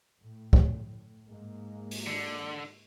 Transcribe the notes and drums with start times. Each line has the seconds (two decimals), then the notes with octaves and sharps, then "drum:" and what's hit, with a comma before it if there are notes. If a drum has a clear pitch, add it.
0.22 A2
0.53 drum: kick
1.27 G#2 G#3 A#3
1.91 drum: open hi-hat
2.07 D3